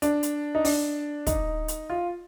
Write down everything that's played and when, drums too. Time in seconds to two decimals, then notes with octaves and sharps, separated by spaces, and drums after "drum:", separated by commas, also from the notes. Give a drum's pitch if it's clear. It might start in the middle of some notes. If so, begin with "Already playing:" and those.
0.02 D4, drum: hi-hat
0.23 drum: hi-hat
0.55 D#4
0.65 D4, drum: open hi-hat
1.27 D#4, drum: kick, hi-hat
1.68 drum: hi-hat
1.90 F4